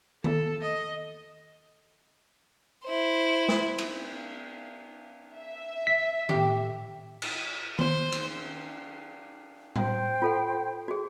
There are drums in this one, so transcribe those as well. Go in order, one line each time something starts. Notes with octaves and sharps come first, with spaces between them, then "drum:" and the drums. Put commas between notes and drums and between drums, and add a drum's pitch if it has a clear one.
A4, drum: tom D#3
D#5
E4 C5
drum: snare
drum: cymbal
E5
B6
A2 G4, drum: tom D#3
drum: cymbal
C5, drum: tom D#3
drum: cymbal
C5 G5, drum: tom A2
F4 A4 F#5
F#4 G#4